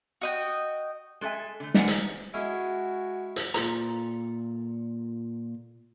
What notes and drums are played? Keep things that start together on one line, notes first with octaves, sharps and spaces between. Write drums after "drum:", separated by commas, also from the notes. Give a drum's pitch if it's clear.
F#4 D#5 G5
G#3 A4 C#5 E5 G#5
D3 A3
D3 A#3 D4 F#5 G#5, drum: snare
D#3, drum: hi-hat
G#3 C#4 E4 F#4
drum: hi-hat
A#2 F4 A4 A#5, drum: hi-hat